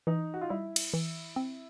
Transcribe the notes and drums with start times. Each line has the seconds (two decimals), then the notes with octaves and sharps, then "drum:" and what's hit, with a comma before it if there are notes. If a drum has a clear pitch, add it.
0.07 E3 D#4
0.34 F#4
0.41 F4
0.50 G3 E4
0.76 drum: cymbal
0.94 E3
1.36 C4